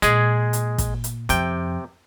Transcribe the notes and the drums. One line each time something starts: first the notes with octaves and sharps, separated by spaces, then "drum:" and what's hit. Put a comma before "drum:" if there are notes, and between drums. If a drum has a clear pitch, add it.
A#2 G#3 G#4, drum: hi-hat
drum: hi-hat
drum: kick, hi-hat
drum: hi-hat
F2 C3 G5, drum: hi-hat